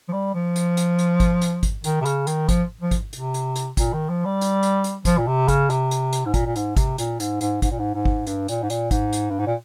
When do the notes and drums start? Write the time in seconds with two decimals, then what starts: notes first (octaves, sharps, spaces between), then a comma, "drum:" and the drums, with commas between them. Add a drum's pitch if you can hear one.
0.08 F3
0.13 G3
0.34 F3
0.56 drum: hi-hat
0.77 drum: hi-hat
0.99 drum: hi-hat
1.20 drum: kick G#1, hi-hat
1.41 drum: hi-hat
1.63 drum: kick G#1, hi-hat
1.84 D#3, drum: hi-hat
2.01 C3
2.05 C#3, drum: hi-hat
2.27 D#3, drum: hi-hat
2.49 F3, drum: kick G#1, hi-hat
2.81 F3
2.91 drum: kick G#1, hi-hat
3.13 C3, drum: hi-hat
3.34 drum: hi-hat
3.56 drum: hi-hat
3.77 A#2, drum: kick G#1, hi-hat
3.93 D#3
4.09 F3
4.25 G3
4.41 drum: hi-hat
4.63 drum: hi-hat
4.84 drum: hi-hat
5.05 F3, drum: kick G#1, hi-hat
5.18 A#2
5.27 C3
5.48 C#3, drum: kick G#1, hi-hat
5.70 C3, drum: hi-hat
5.91 drum: hi-hat
6.13 drum: hi-hat
6.26 G#2
6.34 A#2, drum: kick G#1, hi-hat
6.46 A#2
6.56 G#2, drum: hi-hat
6.77 C3, drum: kick G#1, hi-hat
6.98 A#2, drum: hi-hat
7.20 G#2, drum: hi-hat
7.41 G#2, drum: hi-hat
7.62 G#2, drum: kick G#1, hi-hat
7.71 A#2
7.79 G#2
7.95 G#2
8.05 drum: kick G#1
8.27 G2, drum: hi-hat
8.48 A#2, drum: hi-hat
8.63 G#2
8.70 A#2, drum: hi-hat
8.91 G#2, drum: kick G#1, hi-hat
9.13 drum: hi-hat
9.30 G2
9.39 G#2
9.47 A#2